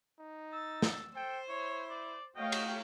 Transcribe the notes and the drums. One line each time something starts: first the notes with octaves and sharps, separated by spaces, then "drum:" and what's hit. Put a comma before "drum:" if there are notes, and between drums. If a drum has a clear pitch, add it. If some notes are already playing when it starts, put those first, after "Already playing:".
D#4
E6 A6
drum: snare
A4 C5 G5
E4 C#5
D5
A3 F#4 C#5 D#5 F5 G5
drum: cymbal